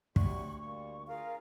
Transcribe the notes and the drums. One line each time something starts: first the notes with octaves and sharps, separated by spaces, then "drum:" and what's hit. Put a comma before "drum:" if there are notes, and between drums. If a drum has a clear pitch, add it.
D2 C3 F#3 G3 C#6, drum: kick
G3 A#3 C#6
F4 G#4 A#4 F5